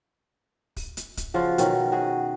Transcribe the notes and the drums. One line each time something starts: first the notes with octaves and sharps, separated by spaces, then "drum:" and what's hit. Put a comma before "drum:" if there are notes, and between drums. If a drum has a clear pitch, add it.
drum: kick, open hi-hat
drum: hi-hat
drum: kick, hi-hat
C#3 F3 F4 F#4
B2 D#3 F#3 C#4, drum: hi-hat
F#4 G#4